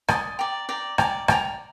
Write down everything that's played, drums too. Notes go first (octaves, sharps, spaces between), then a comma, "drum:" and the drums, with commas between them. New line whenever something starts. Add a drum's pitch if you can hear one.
D5 G#5 C6 D#6, drum: rim click
D5 G5 A#5
D5 G5 A#5
D5 G5 A#5, drum: rim click
D5 G5 A#5, drum: rim click